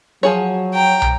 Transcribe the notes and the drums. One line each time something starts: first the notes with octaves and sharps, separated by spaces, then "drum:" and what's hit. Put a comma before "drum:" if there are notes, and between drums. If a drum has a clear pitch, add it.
F3 F#3 G#4 C#5
G5 A#5
drum: tom